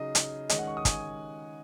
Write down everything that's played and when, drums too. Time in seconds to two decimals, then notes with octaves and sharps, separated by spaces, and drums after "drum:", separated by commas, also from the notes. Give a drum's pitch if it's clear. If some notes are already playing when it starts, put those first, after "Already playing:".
Already playing: C#3 F#3 D#4 D#5
0.15 drum: hi-hat
0.49 D#3 G#3 C#4 D#5, drum: hi-hat
0.59 F#5
0.67 C#6
0.77 D#6
0.85 G#5, drum: kick, hi-hat